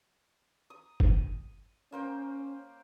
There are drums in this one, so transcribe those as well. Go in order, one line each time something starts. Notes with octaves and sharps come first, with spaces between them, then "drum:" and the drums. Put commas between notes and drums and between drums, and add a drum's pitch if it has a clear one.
D#6
drum: kick G1
A#3 C#4 C5 G5